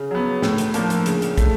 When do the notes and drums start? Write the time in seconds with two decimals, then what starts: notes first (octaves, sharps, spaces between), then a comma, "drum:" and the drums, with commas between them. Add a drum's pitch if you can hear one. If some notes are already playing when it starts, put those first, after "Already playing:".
Already playing: C#3
0.11 F#3 B3
0.42 A2, drum: snare
0.58 drum: hi-hat
0.74 F3 A#3 D4, drum: hi-hat
0.90 drum: hi-hat
1.06 C#3, drum: hi-hat
1.22 drum: hi-hat
1.38 A3, drum: kick, hi-hat